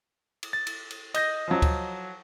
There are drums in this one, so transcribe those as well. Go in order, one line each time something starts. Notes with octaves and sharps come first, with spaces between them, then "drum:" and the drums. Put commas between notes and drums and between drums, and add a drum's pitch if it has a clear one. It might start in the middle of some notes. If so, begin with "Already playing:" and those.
drum: cymbal
A6
drum: cymbal
drum: cymbal
D#5 G6 A#6, drum: cymbal
F3 F#3
drum: kick D2, cymbal